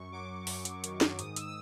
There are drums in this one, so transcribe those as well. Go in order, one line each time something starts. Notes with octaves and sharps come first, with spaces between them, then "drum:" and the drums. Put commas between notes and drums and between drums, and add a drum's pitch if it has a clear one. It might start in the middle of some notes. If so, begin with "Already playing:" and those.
Already playing: F#2 C#6
F#3 D6
F#2, drum: open hi-hat
drum: hi-hat
D#3, drum: hi-hat
drum: snare
G#2 D#6, drum: hi-hat
E6, drum: hi-hat
E6